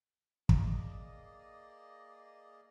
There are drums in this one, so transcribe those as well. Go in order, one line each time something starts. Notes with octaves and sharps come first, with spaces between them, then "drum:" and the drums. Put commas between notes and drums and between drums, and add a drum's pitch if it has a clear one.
A#3 G#4 D5 D#5, drum: kick